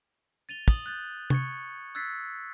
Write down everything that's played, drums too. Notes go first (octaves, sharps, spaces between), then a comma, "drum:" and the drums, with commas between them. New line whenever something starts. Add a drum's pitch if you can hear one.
A6 D#7 F7 G7
D#6 F#7 G7, drum: kick
F#6 G6 A6
C#6 G#6 C#7, drum: tom C3
E6 F#6 G#6 A6 B6 C7